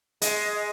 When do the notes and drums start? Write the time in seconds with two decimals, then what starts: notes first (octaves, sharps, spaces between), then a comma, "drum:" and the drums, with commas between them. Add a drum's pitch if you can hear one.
0.22 G#3, drum: hi-hat